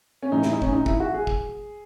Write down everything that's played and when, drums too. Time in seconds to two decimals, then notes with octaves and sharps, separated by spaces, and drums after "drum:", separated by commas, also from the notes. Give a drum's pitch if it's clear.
0.22 C#4
0.32 A2 E3 D#4
0.43 E4, drum: snare
0.53 D#4
0.62 C#4, drum: kick
0.73 D#4
0.86 E4, drum: kick
1.00 F#4
1.14 G#4
1.27 drum: kick